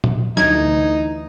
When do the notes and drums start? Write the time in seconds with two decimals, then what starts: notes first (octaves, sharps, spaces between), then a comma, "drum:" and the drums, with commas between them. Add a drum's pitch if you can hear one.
0.04 drum: tom A#2
0.37 D2 E3 D#4 G#6, drum: snare